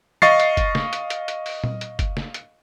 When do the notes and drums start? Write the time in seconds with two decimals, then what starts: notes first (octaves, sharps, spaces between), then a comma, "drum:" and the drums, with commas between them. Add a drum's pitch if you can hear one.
0.22 D#5 F5 C#6 A6 C7, drum: tom E3
0.40 drum: hi-hat
0.57 drum: kick, hi-hat
0.75 drum: snare
0.93 drum: hi-hat
1.10 drum: hi-hat
1.28 drum: hi-hat
1.46 drum: open hi-hat
1.64 drum: tom A#2
1.81 drum: hi-hat
1.99 drum: kick, hi-hat
2.17 drum: snare
2.34 drum: hi-hat